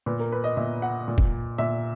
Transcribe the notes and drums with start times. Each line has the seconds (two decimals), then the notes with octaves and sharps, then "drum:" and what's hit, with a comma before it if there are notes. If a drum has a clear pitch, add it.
0.06 A#2 B4
0.20 A#4
0.32 B4
0.44 D#5
0.57 A#2 E5
0.82 F#5
1.08 A#2
1.18 drum: kick
1.58 A#2 E5